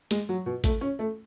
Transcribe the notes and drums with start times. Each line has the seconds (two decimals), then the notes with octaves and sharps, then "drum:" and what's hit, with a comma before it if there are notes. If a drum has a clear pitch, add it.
0.11 G#3, drum: hi-hat
0.29 F#3
0.46 B2
0.64 A3, drum: kick, hi-hat
0.81 C#4
0.99 A3